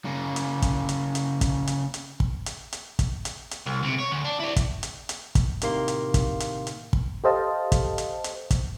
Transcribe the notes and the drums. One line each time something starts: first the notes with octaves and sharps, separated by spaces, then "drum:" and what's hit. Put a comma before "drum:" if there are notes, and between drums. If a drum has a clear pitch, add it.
C#3 A#3
drum: hi-hat
drum: kick, hi-hat
drum: hi-hat
drum: hi-hat
drum: kick, hi-hat
drum: hi-hat
drum: hi-hat
drum: kick
drum: hi-hat
drum: hi-hat
drum: kick, hi-hat
drum: hi-hat
drum: hi-hat
C2
C#2 C3
C#5
D2
D4
E4 D5
drum: kick, hi-hat
drum: hi-hat
drum: hi-hat
drum: kick, hi-hat
A2 C3 D#3 A#3 F5 C6, drum: hi-hat
drum: hi-hat
drum: kick, hi-hat
drum: hi-hat
drum: hi-hat
drum: kick
G4 A4 C5 D#5 F5 A5
drum: kick, hi-hat
drum: hi-hat
drum: hi-hat
drum: kick, hi-hat